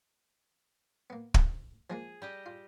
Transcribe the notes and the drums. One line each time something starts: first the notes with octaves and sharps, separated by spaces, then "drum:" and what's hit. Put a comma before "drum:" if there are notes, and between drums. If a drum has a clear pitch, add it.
A#3 B3
drum: kick
F3 G#3 A#3 G#4
G3 G4 D#5
F4